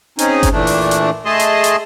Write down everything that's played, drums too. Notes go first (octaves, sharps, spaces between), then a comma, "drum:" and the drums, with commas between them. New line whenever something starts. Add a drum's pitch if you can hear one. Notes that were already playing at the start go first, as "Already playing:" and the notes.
C4 C#4 D#4 G#4, drum: hi-hat
drum: kick G1, hi-hat
A#2 E3 A3 D4
drum: open hi-hat
drum: hi-hat
A3 G#4 D#5 A5 C6
drum: hi-hat
drum: hi-hat